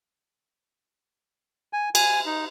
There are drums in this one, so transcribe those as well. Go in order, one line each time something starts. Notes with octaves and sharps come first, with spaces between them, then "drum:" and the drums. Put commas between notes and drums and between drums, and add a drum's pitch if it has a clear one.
G#5
G#5, drum: cymbal
D#4